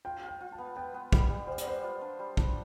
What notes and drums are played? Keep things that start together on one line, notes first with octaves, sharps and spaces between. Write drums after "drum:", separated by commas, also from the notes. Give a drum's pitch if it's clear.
F4 G5
F4
G5
F4
A5
B3
B3 G5
B3
G3, drum: kick
G3
G3 C5
D5, drum: hi-hat
B3 C5
F4
D4
G3
D4, drum: kick